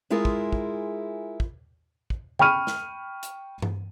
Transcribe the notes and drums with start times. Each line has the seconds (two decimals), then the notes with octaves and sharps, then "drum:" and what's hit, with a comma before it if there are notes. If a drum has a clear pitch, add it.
0.10 G#3 E4 F4 G#4 A#4
0.25 drum: kick
0.52 drum: kick
1.40 drum: kick
2.10 drum: kick
2.39 G5 B5 C#6 F6 D#7, drum: tom D3
2.67 drum: snare
3.23 drum: hi-hat
3.62 drum: tom G2